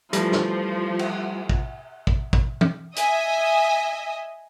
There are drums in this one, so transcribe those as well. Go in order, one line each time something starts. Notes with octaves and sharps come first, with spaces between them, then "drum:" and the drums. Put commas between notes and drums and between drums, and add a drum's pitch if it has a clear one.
E3 F3 G3 A3 A#6, drum: hi-hat
drum: snare
drum: cymbal
drum: kick
drum: kick
drum: kick
drum: tom
D#5 E5 G#5 D#6, drum: hi-hat